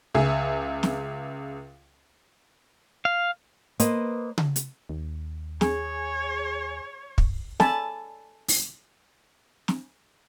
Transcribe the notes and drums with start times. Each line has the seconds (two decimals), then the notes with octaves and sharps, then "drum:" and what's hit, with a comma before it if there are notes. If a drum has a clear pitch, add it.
0.15 C#2 G#4 E5
0.83 drum: snare
3.05 F5
3.80 A#3 B4 C5 D#5, drum: hi-hat
4.38 drum: tom C#3
4.56 drum: hi-hat
4.89 D#2
5.61 G#4 C#5, drum: snare
7.18 drum: kick
7.60 A4 G#5 A5 B5, drum: snare
8.48 drum: open hi-hat
9.68 drum: snare